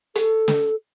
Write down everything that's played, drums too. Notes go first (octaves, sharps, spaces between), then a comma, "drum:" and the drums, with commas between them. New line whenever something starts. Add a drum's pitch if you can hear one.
A4, drum: hi-hat
drum: snare